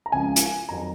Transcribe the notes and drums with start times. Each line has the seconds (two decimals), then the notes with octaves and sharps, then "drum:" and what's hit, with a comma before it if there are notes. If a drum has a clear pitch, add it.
0.06 A#5
0.12 C#2 C#3 F3 G#5
0.36 drum: hi-hat
0.69 F2 D#3 F#3 A#5